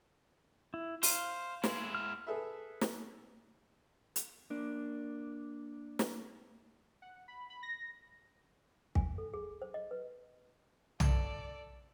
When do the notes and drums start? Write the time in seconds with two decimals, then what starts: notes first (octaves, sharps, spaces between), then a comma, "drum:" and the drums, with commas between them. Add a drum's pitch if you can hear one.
0.74 E4
1.03 C5 F5, drum: open hi-hat
1.64 G#3 E4, drum: snare
1.95 F6
2.27 G#4 A4 B4 E5
2.81 drum: snare
4.16 drum: hi-hat
4.50 A#3 D4
5.99 drum: snare
7.02 F#5
7.28 B5
7.50 B5
7.63 A#6
8.95 G#5, drum: kick
9.18 A4
9.34 G#4
9.62 C5
9.74 D#5
9.91 B4
11.00 A4 D5, drum: tom